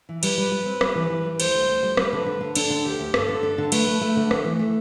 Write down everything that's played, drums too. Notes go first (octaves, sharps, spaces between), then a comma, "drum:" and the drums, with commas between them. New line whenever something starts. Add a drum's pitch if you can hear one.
E3
G3 B4, drum: cymbal
G3
G3
C4
G3, drum: rim click
E3
E3
G3
D2 C5, drum: cymbal
D2
D2
G3
G3 B4, drum: rim click
D3
D3
D3
D4 A4, drum: cymbal
D3
D2 G4
D2
G2 A4, drum: rim click
D3
D4
D3
A3 B4, drum: cymbal
A3
A3
D3
A3, drum: rim click
E3
A3